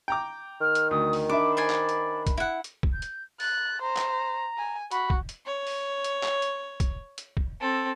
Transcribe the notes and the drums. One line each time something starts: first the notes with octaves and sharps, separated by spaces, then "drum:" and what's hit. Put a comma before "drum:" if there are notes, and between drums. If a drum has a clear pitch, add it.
G5 A#5 D6
D#3 F6
drum: hi-hat
D2 D#6
drum: open hi-hat
D4 E5 B5 D6
C5 D5 G#5
drum: clap
drum: hi-hat
drum: kick, hi-hat
E4 F#5
drum: hi-hat
drum: kick
G6
drum: hi-hat
F#6 A6, drum: open hi-hat
C5 A#5
drum: clap
G#5
F#4 B5, drum: hi-hat
drum: kick
drum: hi-hat
C#5
drum: open hi-hat
drum: hi-hat
drum: clap
drum: hi-hat
drum: kick, hi-hat
drum: hi-hat
drum: kick
C4 A4